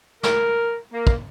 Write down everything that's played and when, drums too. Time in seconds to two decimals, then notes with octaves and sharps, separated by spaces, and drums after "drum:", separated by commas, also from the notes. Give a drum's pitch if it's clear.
0.23 A#4, drum: snare
0.93 A#3
1.07 drum: kick